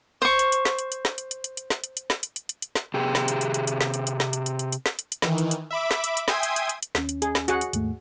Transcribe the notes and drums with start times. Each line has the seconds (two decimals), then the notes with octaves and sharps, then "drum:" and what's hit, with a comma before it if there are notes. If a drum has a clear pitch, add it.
0.22 C5 C#6
0.39 drum: hi-hat
0.52 drum: hi-hat
0.65 drum: snare
0.79 drum: hi-hat
0.92 drum: hi-hat
1.05 drum: snare
1.18 drum: hi-hat
1.31 drum: hi-hat
1.44 drum: hi-hat
1.57 drum: hi-hat
1.70 drum: snare
1.84 drum: hi-hat
1.97 drum: hi-hat
2.10 drum: snare
2.23 drum: hi-hat
2.36 drum: hi-hat
2.49 drum: hi-hat
2.62 drum: hi-hat
2.75 drum: snare
2.94 C3 G4 G#4
3.15 drum: snare
3.28 drum: hi-hat
3.41 drum: hi-hat
3.54 drum: hi-hat
3.67 drum: hi-hat
3.81 drum: snare
3.94 drum: hi-hat
4.07 drum: hi-hat
4.20 drum: snare
4.33 drum: hi-hat
4.46 drum: hi-hat
4.59 drum: hi-hat
4.72 drum: hi-hat
4.86 drum: snare
4.99 drum: hi-hat
5.12 drum: hi-hat
5.22 D#3 E3, drum: snare
5.38 drum: hi-hat
5.51 drum: hi-hat
5.71 E5 B5 D6
5.91 drum: snare
6.04 drum: hi-hat
6.17 drum: hi-hat
6.28 E5 G5 G#5 C6 D#6 G#6, drum: snare
6.43 drum: hi-hat
6.56 drum: hi-hat
6.69 drum: hi-hat
6.83 drum: hi-hat
6.95 D#2 C#4, drum: snare
7.09 drum: hi-hat
7.22 G#4, drum: hi-hat
7.35 drum: snare
7.48 F#4 G#4 F#5, drum: hi-hat
7.61 drum: hi-hat
7.73 D#2 G#2 A3, drum: hi-hat